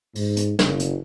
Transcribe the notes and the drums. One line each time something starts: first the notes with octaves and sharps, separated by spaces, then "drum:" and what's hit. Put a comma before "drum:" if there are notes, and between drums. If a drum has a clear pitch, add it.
G#2, drum: open hi-hat
drum: hi-hat
F#1, drum: snare
drum: hi-hat